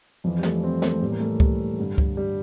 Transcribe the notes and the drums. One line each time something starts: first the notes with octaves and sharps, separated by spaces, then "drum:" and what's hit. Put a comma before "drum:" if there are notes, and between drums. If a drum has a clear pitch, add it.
F2 E3 F3
G3
A3, drum: snare
C4
A3, drum: snare
A3
A2 E3 G3
A#3
A3
G3, drum: kick C#2
G2 D3
drum: kick C#2
G3